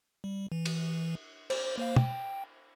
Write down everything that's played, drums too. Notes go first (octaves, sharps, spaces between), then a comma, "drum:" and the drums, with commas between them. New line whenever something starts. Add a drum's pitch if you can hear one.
G3
E3
drum: cymbal
C5, drum: cymbal
A#3 C5 F5
G5, drum: tom